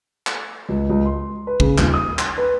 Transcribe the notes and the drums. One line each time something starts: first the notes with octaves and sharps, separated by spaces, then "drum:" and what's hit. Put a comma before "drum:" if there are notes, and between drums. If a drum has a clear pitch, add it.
drum: clap
C#2
C#2
C6
B4
C#3, drum: kick
D#1, drum: clap
D#6
C6, drum: clap
B4